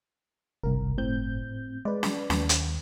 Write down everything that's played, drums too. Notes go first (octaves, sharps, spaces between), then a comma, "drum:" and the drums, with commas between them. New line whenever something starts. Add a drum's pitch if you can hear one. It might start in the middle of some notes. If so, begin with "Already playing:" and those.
G1 C2 A#4
A2 C4 G6
G#3 B4 D5
drum: snare
D#2, drum: snare
drum: hi-hat